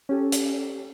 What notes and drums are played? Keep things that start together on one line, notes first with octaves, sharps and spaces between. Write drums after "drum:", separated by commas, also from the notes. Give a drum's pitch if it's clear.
C#4 G4 A4
drum: hi-hat